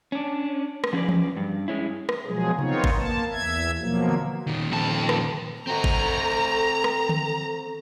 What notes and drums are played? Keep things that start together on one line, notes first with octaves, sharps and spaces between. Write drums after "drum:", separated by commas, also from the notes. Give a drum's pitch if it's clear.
C#4 D4
drum: rim click
F3 C#4 G#4 B4 D5
drum: tom E3
G2
G#3 C#4 E4
drum: rim click
B2 F3 F#3 G#3 G#4
D#3 B3 C4 D#4 F4 C#5, drum: tom C3
drum: kick G#1
A#3 A5
E2 E5 G#6
B2 F3 F#3 A#3
drum: tom D3
A#2 D#3
F2 A5
drum: rim click
C4 F#4 A4 A#5
drum: kick G#1
drum: rim click
drum: tom D3